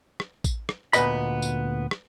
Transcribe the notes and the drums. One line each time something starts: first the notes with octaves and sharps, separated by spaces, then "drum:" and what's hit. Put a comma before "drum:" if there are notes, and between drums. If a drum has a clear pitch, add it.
drum: rim click
drum: kick A1, tambourine
drum: rim click
D2 A#2 B3 B4 D#5 B5, drum: tambourine
drum: tambourine
drum: rim click